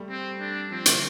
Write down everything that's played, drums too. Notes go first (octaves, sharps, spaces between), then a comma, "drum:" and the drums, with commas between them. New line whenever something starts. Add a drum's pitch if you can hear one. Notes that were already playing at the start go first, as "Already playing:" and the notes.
Already playing: G3 A3
C4
D4
F3 C4
D3, drum: hi-hat